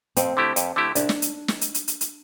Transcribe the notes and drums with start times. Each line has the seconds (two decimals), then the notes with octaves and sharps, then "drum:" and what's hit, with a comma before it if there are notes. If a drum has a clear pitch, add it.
0.16 F2 C4, drum: hi-hat
0.37 D3 A3 E4 G4
0.56 F2, drum: hi-hat
0.76 D3 A3 E4 G4
0.95 C2 D4, drum: hi-hat
1.09 drum: snare
1.22 drum: hi-hat
1.48 drum: snare
1.61 drum: hi-hat
1.74 drum: hi-hat
1.88 drum: hi-hat
2.01 drum: hi-hat